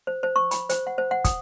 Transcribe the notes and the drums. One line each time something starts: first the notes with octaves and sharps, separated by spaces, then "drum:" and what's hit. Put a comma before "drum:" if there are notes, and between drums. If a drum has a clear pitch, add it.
C5
C5
C#6
B5, drum: hi-hat
C5, drum: hi-hat
F#5
C5
F#5
D#6, drum: kick, hi-hat